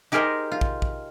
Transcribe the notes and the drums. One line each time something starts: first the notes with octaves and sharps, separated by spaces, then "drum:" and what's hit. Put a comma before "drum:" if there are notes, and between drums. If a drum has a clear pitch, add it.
D#4 G4 G#4 A#4 C5 D#5
F4
drum: kick
drum: kick